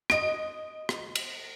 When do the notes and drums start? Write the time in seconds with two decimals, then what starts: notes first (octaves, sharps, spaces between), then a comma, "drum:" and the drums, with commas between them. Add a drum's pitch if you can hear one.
0.10 D#5 D7, drum: rim click
0.89 drum: rim click
1.15 drum: cymbal